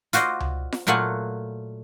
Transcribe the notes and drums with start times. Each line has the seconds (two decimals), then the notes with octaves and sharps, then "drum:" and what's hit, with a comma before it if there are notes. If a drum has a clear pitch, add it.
0.13 F4 F#4 C5 D5 D#5, drum: hi-hat
0.40 drum: tom C#2
0.72 drum: snare F4
0.87 A#2 F#3 A3 F4 F#5 G#5